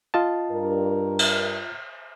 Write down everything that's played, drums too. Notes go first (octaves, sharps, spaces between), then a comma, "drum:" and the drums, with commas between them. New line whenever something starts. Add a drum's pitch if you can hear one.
F4 D#5 A5
G2 A#4
drum: cymbal